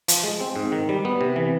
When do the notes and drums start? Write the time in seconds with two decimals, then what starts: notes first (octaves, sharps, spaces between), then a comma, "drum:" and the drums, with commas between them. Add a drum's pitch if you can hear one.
0.08 F3, drum: hi-hat
0.24 G#3
0.41 C4
0.56 G#2
0.72 D#3
0.89 G3
1.05 B3
1.21 C3
1.36 E3